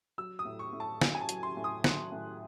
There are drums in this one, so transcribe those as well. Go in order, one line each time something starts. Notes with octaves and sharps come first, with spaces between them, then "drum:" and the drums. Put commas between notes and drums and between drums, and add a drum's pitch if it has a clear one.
F#3 E6
D#6
A2
C#6
A2
A5
F#3 G#5, drum: snare
G#5
A5
F#3, drum: hi-hat
C6
A2
D#6
F#3 F#6, drum: snare
A2